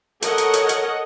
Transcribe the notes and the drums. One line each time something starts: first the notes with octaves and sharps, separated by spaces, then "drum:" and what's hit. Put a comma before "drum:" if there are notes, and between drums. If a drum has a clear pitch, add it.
A4 A#4 C#5 D#5 F#5, drum: hi-hat
drum: hi-hat
drum: hi-hat
drum: hi-hat